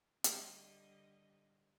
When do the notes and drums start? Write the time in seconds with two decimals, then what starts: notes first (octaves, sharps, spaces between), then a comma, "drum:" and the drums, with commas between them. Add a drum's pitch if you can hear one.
0.24 D3 G3 D#5, drum: hi-hat